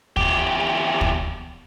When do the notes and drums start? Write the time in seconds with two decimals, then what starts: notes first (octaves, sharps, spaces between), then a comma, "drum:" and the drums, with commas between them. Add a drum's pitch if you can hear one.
0.17 E2 G4, drum: kick
1.01 drum: kick